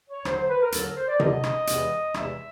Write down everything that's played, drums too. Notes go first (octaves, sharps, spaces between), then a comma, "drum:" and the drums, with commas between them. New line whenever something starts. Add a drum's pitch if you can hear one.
C#5
D#2 D3 F#3 C5, drum: rim click
C5
B4
A#4
D#2 D3 F#3 A4, drum: hi-hat
A#4
C5
D5
D#2 D3 F#3 D#5, drum: tom C3
drum: rim click
E2 C3 E3 G#3, drum: hi-hat
E2 C3 E3 G#3 E5, drum: rim click